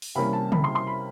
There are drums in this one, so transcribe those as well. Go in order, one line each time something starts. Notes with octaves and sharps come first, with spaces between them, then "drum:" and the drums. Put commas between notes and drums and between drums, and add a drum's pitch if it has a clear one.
drum: open hi-hat
C3 E3 G3 A#3 C#4 B5
A5
B5, drum: tom C#3
C6
C6
B5